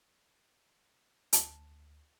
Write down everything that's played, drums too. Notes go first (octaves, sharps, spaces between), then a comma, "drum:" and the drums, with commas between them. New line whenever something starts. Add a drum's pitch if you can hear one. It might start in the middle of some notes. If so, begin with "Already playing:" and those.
D2 A5, drum: hi-hat